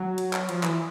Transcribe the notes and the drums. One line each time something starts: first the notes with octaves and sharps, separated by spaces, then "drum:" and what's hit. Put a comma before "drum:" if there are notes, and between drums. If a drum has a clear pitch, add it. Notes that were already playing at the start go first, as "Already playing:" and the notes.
Already playing: F#3
drum: cymbal
drum: clap
F3, drum: cymbal
E3, drum: clap